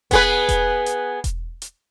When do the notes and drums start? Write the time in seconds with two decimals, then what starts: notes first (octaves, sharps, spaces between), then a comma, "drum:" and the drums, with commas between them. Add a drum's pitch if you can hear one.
0.11 B3 G#4 B4, drum: kick E1, hi-hat
0.49 drum: kick E1, hi-hat
0.86 drum: hi-hat
1.24 drum: kick E1, hi-hat
1.62 drum: hi-hat